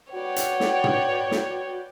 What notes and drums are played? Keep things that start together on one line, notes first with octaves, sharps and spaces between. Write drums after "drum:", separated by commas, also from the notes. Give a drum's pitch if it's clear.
F#4 B4 C#5 D5 F#5 G5
drum: hi-hat
drum: snare
drum: tom
drum: snare